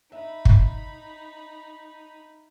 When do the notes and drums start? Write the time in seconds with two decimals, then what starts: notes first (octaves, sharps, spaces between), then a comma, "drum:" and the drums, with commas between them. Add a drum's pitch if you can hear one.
0.12 D#4 E5 B5
0.45 drum: kick